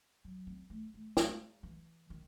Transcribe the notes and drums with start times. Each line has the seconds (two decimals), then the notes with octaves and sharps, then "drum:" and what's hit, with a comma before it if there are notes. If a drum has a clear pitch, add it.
0.24 F#3
0.47 C4
0.70 A3
0.94 A3
1.17 G#3, drum: snare
1.63 E3
2.10 D#3